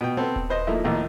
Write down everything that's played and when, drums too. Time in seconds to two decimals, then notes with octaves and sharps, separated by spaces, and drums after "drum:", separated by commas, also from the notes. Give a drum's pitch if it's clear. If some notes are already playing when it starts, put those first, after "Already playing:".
0.01 B2 G5
0.17 B3 C4 A4
0.36 drum: kick D#1
0.50 B4 C5 D#5
0.67 F3 A3 A#3 D#4 E4
0.84 A#1 D#2 A2 D#5